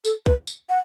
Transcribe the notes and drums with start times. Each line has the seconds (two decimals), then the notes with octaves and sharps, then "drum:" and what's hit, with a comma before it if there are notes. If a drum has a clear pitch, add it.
0.05 A4, drum: tambourine
0.26 B4, drum: kick
0.47 drum: tambourine
0.69 F#5